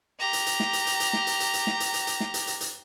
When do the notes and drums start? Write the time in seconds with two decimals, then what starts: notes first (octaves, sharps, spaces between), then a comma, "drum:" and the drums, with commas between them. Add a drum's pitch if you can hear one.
0.20 G4 A#5
0.33 drum: hi-hat
0.46 drum: hi-hat
0.60 drum: snare
0.73 drum: hi-hat
0.87 drum: hi-hat
1.00 drum: hi-hat
1.13 drum: snare
1.27 drum: hi-hat
1.40 drum: hi-hat
1.53 drum: hi-hat
1.67 drum: snare
1.80 drum: hi-hat
1.94 drum: hi-hat
2.07 drum: hi-hat
2.20 drum: snare
2.34 drum: hi-hat
2.47 drum: hi-hat
2.61 drum: hi-hat